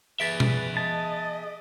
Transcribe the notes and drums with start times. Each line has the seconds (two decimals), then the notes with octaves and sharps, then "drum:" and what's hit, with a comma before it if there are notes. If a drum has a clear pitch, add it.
0.20 G#4 B4 E5 A6 B6 D7
0.40 drum: tom B2
0.77 D#5 A5